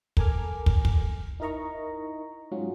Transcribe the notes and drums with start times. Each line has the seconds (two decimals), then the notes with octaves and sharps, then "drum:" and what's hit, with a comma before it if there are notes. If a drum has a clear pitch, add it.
0.17 A4 A#4 G#5 D6 F6, drum: kick
0.66 drum: kick
0.85 drum: kick
1.40 D#4 E4 A#4 D#5 A#5 C#6
2.52 G#2 F#3 C#4 F4 F#4